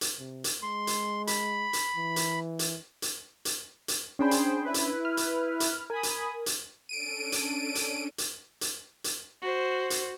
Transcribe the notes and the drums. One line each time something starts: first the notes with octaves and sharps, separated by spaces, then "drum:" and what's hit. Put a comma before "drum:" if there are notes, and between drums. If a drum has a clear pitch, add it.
drum: hi-hat
C3
drum: hi-hat
G#3 C6
drum: hi-hat
B5, drum: hi-hat
drum: hi-hat
E3
drum: hi-hat
drum: hi-hat
drum: hi-hat
drum: hi-hat
drum: hi-hat
C#4 D4 G#4 C5 G5 B5
drum: hi-hat
E4 B4
drum: hi-hat
F6
drum: hi-hat
drum: hi-hat
A#4 G#5 B5 D#6
drum: hi-hat
drum: hi-hat
C#4 D4 A4 D7 D#7
drum: hi-hat
drum: hi-hat
drum: hi-hat
drum: hi-hat
drum: hi-hat
F#4 C5
drum: hi-hat